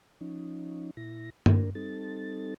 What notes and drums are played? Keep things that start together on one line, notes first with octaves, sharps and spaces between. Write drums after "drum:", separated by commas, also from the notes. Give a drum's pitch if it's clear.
F3 C#4 D#4
A#2 E4 A#6
F#2 A#3 D4 A#4, drum: tom G2
G3 C4 D#4 A4 A6